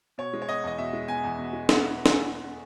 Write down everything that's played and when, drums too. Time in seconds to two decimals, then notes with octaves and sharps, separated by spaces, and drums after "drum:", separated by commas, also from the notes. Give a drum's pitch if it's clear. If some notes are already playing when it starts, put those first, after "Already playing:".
0.18 B2 C#5
0.33 G#3
0.42 C#5
0.49 B3 D#5
0.63 E2 D#5
0.78 B2 E5
0.93 G#3
1.08 B3 G#5
1.24 E2
1.38 B2
1.53 G#3
1.69 B3, drum: snare
2.06 drum: snare